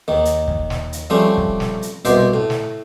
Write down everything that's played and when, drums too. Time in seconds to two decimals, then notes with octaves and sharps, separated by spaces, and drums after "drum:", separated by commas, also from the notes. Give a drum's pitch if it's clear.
0.08 D#2 D#3
0.25 drum: hi-hat
0.48 drum: kick
0.70 drum: snare
0.93 drum: hi-hat
1.10 F3 G3 A3 C4 C#4
1.38 drum: kick
1.60 drum: snare
1.82 drum: hi-hat
2.05 C2 B2 C5 E5 D6, drum: hi-hat
2.34 A2
2.50 drum: snare